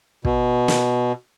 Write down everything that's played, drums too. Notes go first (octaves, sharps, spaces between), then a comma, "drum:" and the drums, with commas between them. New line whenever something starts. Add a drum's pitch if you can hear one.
B2, drum: kick
drum: snare